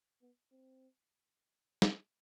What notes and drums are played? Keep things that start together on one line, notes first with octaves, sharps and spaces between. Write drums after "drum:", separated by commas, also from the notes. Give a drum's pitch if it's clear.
B3
C4
drum: snare